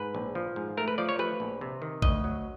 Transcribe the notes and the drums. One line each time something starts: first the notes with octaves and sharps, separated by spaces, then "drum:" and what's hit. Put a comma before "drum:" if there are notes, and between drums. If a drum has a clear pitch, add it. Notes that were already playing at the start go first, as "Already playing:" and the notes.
Already playing: G#2 B4
A#1
F3
G#2
A3 A#4
B4
F3 D5
C#5
A3 B4, drum: rim click
A#1
C3
D#3
D2 D#5, drum: kick G#1
F#3